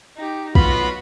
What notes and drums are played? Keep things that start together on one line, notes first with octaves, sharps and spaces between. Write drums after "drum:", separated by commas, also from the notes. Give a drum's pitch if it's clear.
D#4 G4
B1 B3 F4 F#4 B5, drum: kick